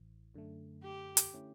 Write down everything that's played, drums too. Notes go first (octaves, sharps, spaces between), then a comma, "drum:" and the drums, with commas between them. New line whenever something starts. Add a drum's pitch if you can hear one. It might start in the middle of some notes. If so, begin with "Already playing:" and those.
Already playing: A1 A2 E3
F#2 D3 A3
G4
drum: hi-hat
D3 A3 C#4 E4